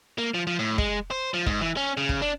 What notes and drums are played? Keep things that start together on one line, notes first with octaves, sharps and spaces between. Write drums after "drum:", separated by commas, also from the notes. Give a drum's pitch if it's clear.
A#3
F3
F3
A2
G#3, drum: kick
C5
F3
G#2, drum: kick
E3
C#4
C#3
drum: kick
D4